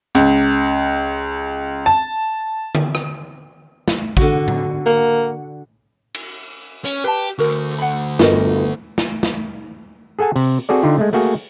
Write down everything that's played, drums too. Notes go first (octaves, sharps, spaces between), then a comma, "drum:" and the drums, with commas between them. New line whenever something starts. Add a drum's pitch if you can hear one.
C#2, drum: hi-hat
A5
drum: tom D3
drum: rim click
drum: snare
D3 F#4, drum: kick
drum: tom A2
A#3 F#5
drum: cymbal
C#4, drum: hi-hat
G4 B4 A5
D2 F#4 A#4
F#5 B5
G1 F4 F#4 A#4 B4 D#5, drum: snare
drum: snare
drum: snare
G#4 A4 F#5 G#5 A5
C3, drum: open hi-hat
C4 F#4 G#4 A4 D5
D3 D#4 F4 G4
G#3 A3
A3 A#3 F#4 G#4, drum: open hi-hat